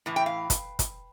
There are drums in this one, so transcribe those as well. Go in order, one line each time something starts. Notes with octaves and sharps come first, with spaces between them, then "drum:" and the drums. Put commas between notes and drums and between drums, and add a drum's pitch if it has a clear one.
A2 E3
G5
F5
drum: kick, hi-hat
drum: kick, hi-hat